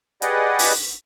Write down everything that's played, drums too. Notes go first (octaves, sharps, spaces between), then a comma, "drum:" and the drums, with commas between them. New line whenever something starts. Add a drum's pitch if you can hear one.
G4 G#4 B4 D5 D#5 F#5, drum: hi-hat
drum: open hi-hat